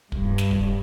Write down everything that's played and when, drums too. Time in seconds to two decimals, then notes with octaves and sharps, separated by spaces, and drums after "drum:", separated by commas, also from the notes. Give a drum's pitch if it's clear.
0.12 G2, drum: kick
0.38 drum: snare
0.51 drum: kick